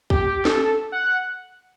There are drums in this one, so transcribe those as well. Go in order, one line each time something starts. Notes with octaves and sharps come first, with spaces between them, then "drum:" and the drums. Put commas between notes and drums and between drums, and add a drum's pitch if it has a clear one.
G4, drum: kick
A4, drum: snare
F#5